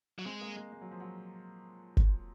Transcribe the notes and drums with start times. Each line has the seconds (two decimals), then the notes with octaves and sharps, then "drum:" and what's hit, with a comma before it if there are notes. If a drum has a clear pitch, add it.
0.19 F#3
0.26 G#3 C4
0.41 A#3
0.56 G#3
0.73 G#3
0.81 F#3
0.91 F3
1.00 F#3
1.97 drum: kick G1